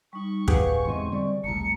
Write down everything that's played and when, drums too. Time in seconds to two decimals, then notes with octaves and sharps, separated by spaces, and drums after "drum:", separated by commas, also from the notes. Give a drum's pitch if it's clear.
0.13 G3 D#4 C#6
0.48 D1 G4 G#4 B4 F5 F#5 G#5, drum: kick
0.85 E2 G#2 C3 D#5 C6
1.12 D3 G3 C4 D5
1.44 F1 C2 A3 A#5 C#7